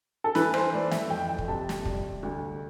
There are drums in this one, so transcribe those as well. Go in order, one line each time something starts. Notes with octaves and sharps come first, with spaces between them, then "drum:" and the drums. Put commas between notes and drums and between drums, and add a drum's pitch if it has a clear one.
A4
E3 B4, drum: snare
C5, drum: rim click
A3 D5
E5, drum: snare
F2 G5
G5
drum: kick
C3 A5
drum: snare
G3, drum: kick
D2